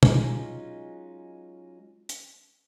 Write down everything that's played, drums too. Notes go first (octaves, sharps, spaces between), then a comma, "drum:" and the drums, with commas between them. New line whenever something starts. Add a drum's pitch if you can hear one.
F#3 G#3 C#4 D#4 F4, drum: tom
drum: hi-hat